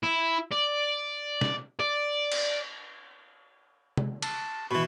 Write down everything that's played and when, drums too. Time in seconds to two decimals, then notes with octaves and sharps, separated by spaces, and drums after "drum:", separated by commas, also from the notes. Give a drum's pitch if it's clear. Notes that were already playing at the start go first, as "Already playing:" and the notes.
0.03 E4
0.52 D5
1.41 drum: snare
1.79 D5
2.32 drum: cymbal
3.97 drum: tom
4.22 A5, drum: cymbal
4.71 B2 E3 B5 C#6